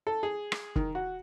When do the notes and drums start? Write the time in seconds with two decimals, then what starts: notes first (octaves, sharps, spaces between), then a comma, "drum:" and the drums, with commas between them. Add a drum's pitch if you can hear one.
0.07 A4
0.23 G#4
0.52 drum: rim click
0.76 D#3, drum: kick
0.95 F#4